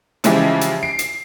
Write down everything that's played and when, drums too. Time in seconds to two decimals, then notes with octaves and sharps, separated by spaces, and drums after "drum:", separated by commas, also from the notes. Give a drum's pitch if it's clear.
0.24 C#3 E3 F3 G#3 E4 G4, drum: hi-hat
0.61 drum: hi-hat
0.83 C7 D7
0.99 drum: hi-hat